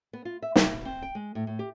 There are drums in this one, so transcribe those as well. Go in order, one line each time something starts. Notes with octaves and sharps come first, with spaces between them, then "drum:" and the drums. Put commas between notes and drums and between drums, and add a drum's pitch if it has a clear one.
B3
F4
E5
C3, drum: snare
B2
C4
G5
G#3
A2
A2
G4